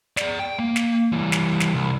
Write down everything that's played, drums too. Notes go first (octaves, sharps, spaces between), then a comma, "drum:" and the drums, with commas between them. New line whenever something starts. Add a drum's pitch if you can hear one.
G#4 D5, drum: snare
G5
A#3
drum: snare
E3 G3
drum: snare
drum: snare
C2